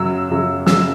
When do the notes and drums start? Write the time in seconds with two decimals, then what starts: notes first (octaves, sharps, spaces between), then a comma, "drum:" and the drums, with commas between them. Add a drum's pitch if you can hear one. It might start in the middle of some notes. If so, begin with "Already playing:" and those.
Already playing: F#2 C#3 F#3 E6
0.30 F#2 C#3 F#3
0.66 C#3 F#3 E6, drum: snare